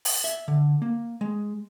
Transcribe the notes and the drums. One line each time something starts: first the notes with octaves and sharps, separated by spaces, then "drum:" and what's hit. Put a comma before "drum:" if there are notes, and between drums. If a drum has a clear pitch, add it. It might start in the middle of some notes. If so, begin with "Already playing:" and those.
drum: open hi-hat
E5
D3
A#3
G#3